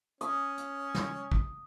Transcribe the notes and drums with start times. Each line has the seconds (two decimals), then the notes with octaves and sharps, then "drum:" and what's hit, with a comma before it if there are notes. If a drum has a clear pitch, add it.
0.21 C#4 D#6, drum: hi-hat
0.58 drum: hi-hat
0.95 drum: snare
1.32 drum: kick